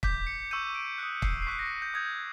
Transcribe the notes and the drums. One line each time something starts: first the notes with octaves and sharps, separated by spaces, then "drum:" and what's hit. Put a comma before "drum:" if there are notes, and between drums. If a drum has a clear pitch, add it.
D6 G6 B6, drum: kick
C#7
C#6 E6 G6 D#7
D7
D#6 F#6 C#7
C7, drum: kick
C7
C#6 F#6 B6
A#6
G6
D#6 G6 G#6